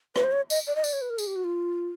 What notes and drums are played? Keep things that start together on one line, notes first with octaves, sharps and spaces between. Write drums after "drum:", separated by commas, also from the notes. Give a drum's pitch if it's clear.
B4, drum: rim click
C5
C#5
D#5, drum: tambourine
D5
D#5
D5, drum: tambourine
C#5
B4
A#4
G#4, drum: tambourine
G4
F#4
F4